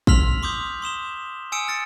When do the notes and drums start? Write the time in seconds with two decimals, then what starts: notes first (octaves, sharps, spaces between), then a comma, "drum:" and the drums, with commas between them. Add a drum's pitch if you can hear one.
0.07 C6 E6 F6 B6 F7 F#7, drum: kick
0.43 C6 D6 D#6 G6
0.82 C6 D#6 E7 G7
1.52 G#5 D#6 E6 C#7 D7 E7
1.68 F6 A6 C#7